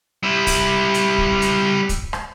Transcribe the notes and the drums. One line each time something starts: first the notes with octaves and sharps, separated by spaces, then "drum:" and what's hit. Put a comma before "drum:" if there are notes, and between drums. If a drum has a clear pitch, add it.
G3 E4
drum: kick, open hi-hat
drum: hi-hat
drum: kick
drum: hi-hat
drum: kick, hi-hat
drum: rim click